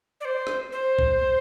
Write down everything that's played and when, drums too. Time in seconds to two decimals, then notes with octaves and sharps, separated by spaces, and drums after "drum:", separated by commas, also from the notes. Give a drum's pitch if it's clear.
0.21 D5
0.25 C5
0.47 drum: rim click
0.72 C5
0.99 drum: kick